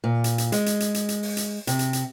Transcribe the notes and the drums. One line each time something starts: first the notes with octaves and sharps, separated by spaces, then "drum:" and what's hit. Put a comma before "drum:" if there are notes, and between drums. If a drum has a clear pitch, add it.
A#2
drum: hi-hat
drum: hi-hat
G#3, drum: hi-hat
drum: hi-hat
drum: hi-hat
drum: hi-hat
drum: hi-hat
drum: open hi-hat
drum: hi-hat
C3, drum: hi-hat
drum: hi-hat
drum: hi-hat